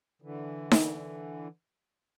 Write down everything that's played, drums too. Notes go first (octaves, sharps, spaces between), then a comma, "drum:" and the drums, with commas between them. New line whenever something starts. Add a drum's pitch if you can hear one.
D3 E3
drum: snare D#4